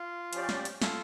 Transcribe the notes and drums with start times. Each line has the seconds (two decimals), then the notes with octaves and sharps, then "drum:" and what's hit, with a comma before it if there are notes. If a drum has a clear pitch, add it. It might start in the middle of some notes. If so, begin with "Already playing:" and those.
Already playing: F4
0.33 F3 C#4 G4 D5, drum: hi-hat
0.49 drum: snare
0.65 drum: hi-hat
0.82 F4 A4, drum: snare